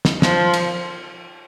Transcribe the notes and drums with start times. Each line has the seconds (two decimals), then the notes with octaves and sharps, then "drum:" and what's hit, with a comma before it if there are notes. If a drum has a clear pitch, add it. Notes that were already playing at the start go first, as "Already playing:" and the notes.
0.05 drum: snare
0.22 F3, drum: snare
0.54 drum: cymbal